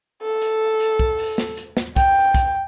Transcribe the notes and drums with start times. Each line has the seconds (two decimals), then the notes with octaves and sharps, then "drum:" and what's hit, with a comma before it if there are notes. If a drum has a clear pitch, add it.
0.22 A4
0.42 drum: hi-hat
0.80 drum: hi-hat
0.99 drum: kick
1.19 drum: open hi-hat
1.38 drum: snare
1.57 drum: hi-hat
1.77 drum: snare
1.96 G5, drum: kick, hi-hat
2.34 drum: kick, hi-hat